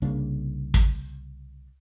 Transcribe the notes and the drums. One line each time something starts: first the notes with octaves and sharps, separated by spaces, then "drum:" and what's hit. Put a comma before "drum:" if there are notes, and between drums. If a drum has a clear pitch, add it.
C2 C#3 A#3 D4
drum: kick